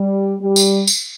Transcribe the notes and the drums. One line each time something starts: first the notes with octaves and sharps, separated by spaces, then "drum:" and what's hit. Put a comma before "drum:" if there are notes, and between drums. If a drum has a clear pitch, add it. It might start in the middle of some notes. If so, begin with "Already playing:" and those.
Already playing: G3
G3
drum: tambourine
drum: tambourine